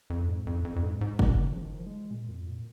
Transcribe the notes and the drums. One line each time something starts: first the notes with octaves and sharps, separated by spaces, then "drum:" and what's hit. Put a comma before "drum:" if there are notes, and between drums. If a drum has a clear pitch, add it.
F2
G#2
F2
F2
F2
G#2
G#2
A#2, drum: kick
C#3
F3
D#3
F3
G#3
A#2
F2
A#2